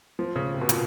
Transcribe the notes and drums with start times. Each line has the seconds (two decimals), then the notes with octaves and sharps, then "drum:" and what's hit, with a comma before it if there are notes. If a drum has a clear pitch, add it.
0.19 F3
0.36 C#3
0.54 C3
0.61 B2
0.69 A#2, drum: hi-hat